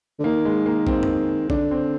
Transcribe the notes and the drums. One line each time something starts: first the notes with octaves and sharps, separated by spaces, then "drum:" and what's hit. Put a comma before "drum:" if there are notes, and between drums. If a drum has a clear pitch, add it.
D3
D#3 A#3
G#3
A#3
C4, drum: kick A#1
drum: tom F2
D3 D4, drum: kick A#1
C4